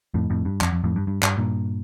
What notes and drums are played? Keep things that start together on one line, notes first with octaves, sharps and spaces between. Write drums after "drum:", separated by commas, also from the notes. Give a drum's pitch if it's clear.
F2 A2
F2 A2
G2
F2, drum: clap
F2
F2 A2
G2
G2
G2, drum: clap
G2 A#2